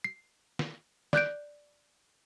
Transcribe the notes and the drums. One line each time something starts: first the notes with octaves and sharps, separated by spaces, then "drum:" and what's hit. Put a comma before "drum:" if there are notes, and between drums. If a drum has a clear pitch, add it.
C7
drum: snare
D5 F#6 G6 D7, drum: snare